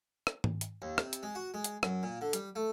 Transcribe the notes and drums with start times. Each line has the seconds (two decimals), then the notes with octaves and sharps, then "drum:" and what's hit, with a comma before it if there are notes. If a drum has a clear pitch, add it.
0.27 drum: rim click
0.44 drum: tom
0.61 drum: hi-hat
0.82 D#2
0.98 C3, drum: rim click
1.13 drum: hi-hat
1.23 G#3
1.35 F#4
1.54 G#3
1.64 drum: hi-hat
1.83 F#2, drum: rim click
2.03 A#2
2.21 D3
2.33 G3, drum: hi-hat
2.56 A3